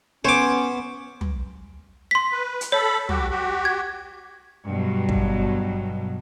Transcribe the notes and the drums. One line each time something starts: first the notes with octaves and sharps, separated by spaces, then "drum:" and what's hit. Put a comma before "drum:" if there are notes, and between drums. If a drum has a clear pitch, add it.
B3 C#4 C5 C#5 D6
drum: tom
C6 B6
B4
drum: hi-hat
A4 C#5 B5
F#4 G4, drum: tom
F#4 G4
G#6
G2 B2 F#3
drum: kick